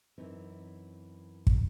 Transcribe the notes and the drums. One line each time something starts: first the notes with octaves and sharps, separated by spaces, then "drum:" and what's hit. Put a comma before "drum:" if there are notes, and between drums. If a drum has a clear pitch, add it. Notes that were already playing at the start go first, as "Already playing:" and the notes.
F#2 E3 C4 D#4
drum: kick